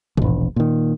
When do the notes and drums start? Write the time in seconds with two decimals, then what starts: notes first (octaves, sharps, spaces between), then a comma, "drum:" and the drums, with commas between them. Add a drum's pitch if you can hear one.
0.17 E1 A#1, drum: tom G#2
0.56 A#2 D#3